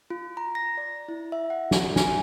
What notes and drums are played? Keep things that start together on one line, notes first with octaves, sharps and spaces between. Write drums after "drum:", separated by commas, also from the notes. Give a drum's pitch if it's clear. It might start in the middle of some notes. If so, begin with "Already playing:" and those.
F4
A#5
A#6
D5
E4
E5
F#5
drum: snare
G#5, drum: snare